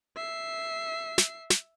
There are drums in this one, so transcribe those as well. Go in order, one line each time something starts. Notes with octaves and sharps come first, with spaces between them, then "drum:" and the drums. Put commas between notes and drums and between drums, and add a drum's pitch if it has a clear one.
E5 C7
drum: snare
drum: snare